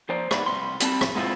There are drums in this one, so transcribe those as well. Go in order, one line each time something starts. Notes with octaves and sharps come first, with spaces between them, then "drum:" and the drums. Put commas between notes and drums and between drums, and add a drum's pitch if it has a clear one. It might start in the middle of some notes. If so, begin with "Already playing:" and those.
F3 C5 D5
G#2 B3 D5 B5, drum: rim click
C2 C6
G3 B3 C4 G5 A5 B5, drum: hi-hat
drum: rim click
G#3 B3 C4 E4 F4